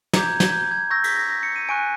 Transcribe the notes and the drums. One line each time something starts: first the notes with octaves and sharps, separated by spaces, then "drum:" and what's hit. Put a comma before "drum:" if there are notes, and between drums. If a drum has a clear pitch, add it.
A#5 D6 G6 G#6, drum: snare
G#6
G#6, drum: snare
G6
G#6
C#6 E6 G6 A#6
B6, drum: cymbal
A#6
A#6
C#7
D#7
G#5 C#6 F#6 D7